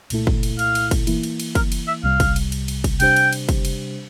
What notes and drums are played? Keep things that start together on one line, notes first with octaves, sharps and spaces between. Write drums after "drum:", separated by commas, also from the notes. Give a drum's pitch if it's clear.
C2 A#2 A3 E4 A4, drum: cymbal
drum: kick
drum: cymbal
F5, drum: cymbal
drum: cymbal
drum: kick, cymbal
E3 A#3 E4, drum: cymbal
drum: cymbal
drum: cymbal
A#4, drum: kick, cymbal
drum: cymbal
E5
C2 C3 G3 F5
drum: kick, cymbal
drum: cymbal
drum: cymbal
drum: cymbal
drum: kick, cymbal
C3 G3 D4 G4 C5 G5, drum: cymbal
drum: cymbal
drum: cymbal
drum: kick, cymbal
drum: cymbal